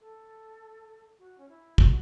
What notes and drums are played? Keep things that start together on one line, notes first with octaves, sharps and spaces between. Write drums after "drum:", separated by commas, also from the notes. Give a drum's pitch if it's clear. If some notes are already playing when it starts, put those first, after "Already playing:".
A4
F#4
C#4
E4
F#4, drum: kick